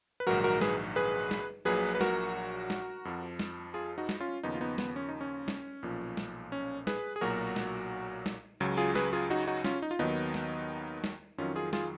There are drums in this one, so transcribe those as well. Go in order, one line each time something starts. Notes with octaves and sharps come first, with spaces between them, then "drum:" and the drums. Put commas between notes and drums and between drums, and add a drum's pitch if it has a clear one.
B4
A#1 G#2 D#3 F#3 F#4 A#4
F#4 A#4
G#4 B4, drum: snare
G#4 B4
drum: snare
A#1 A#2 F#3 G#4 B4
B4
F#4 A#4, drum: snare
drum: snare
F2 F3
drum: snare
F4 G#4
D#4 F#4
drum: snare
C#4 F4
D#2 C#3 F3 B3 D#4
F4
B3 D#4
B3, drum: snare
C#4
D#4
C#4
drum: snare
B1 A#2 F3
drum: snare
C#4
G#4 B4, drum: snare
G#4
B1 A#2 F#3 F#4 A#4
drum: snare
drum: snare
C#2 C#3 F#3
F4 G#4
G#4 B4, drum: snare
F4 G#4
D#4 F#4
D#4 F#4
C#4 F4, drum: snare
D#4
F4
D#2 D#3 F#3 B3 D#4
drum: snare
drum: snare
F2 D#3 F#3 C#4 F4
F4 G#4
F4 G#4, drum: snare